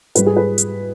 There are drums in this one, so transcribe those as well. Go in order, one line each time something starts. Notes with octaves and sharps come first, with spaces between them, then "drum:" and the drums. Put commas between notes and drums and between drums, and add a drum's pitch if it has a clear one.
G#2 G3 B4, drum: hi-hat
G#4
B4
drum: hi-hat